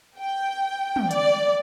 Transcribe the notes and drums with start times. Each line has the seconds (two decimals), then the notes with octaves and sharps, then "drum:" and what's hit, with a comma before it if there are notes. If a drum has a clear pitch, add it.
0.19 G5
0.96 drum: tom
1.11 D5, drum: hi-hat